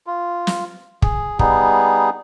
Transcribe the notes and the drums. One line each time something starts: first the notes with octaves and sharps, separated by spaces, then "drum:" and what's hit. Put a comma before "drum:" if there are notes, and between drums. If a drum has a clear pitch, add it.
F4
drum: snare
G#4, drum: kick
G3 B3 D#4 G#4, drum: kick